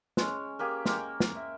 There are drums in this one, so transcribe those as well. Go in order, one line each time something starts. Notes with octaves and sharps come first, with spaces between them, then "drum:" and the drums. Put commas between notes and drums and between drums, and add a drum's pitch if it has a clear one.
G#3 C#4, drum: snare
A#3 G4 G#4
G#3 A#3 G5, drum: snare
drum: snare
E5